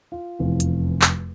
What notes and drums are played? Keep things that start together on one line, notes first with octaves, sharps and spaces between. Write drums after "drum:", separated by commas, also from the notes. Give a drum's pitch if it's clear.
F4
F1 E2 C3 F3
drum: hi-hat
drum: clap